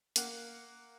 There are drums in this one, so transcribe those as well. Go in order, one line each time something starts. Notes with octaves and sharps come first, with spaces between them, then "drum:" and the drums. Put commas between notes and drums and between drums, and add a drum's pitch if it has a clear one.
A#3 F#5, drum: hi-hat